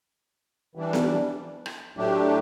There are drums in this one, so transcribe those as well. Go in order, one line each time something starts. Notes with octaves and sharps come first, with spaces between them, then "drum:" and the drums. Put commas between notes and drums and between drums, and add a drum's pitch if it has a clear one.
E3 G3 D4
drum: snare B3
drum: rim click
A2 F#3 A3 D4 G4